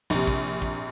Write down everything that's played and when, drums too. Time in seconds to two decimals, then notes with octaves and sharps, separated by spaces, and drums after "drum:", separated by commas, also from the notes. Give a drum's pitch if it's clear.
0.10 A#1 C3, drum: snare
0.27 drum: kick
0.62 drum: kick